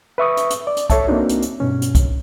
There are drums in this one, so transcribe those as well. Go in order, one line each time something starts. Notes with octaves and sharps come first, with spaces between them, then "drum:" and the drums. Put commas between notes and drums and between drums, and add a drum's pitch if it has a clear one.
B4 E5 C#6 D#6
drum: hi-hat
drum: hi-hat
D5
drum: hi-hat
A4 C#5 E5 A5, drum: kick C2, hi-hat
A#3 C4 D4 D#4 F#4
drum: hi-hat
drum: hi-hat
G2 B2 C#4
drum: hi-hat
drum: kick C2, hi-hat